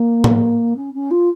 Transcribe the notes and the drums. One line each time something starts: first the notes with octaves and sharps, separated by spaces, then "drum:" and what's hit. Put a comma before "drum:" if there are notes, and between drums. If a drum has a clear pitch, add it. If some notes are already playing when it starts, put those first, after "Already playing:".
Already playing: A#3
drum: tom A2
C#4
C#4
F4